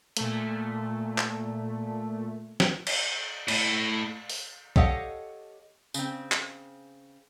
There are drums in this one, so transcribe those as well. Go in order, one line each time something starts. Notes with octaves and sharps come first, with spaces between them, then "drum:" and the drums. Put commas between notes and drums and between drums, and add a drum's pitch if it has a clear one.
A#2 A3, drum: hi-hat
drum: clap
drum: snare
drum: cymbal
A2, drum: cymbal
drum: open hi-hat
G4 A4 C#5 D#5 F5 F#5, drum: kick
C#3 C4, drum: tambourine
drum: clap